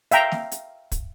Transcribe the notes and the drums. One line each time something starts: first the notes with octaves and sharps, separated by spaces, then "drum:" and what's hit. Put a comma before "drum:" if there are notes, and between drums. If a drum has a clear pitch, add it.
E5 F5 G5 A#5, drum: hi-hat
drum: snare
drum: hi-hat
drum: kick, hi-hat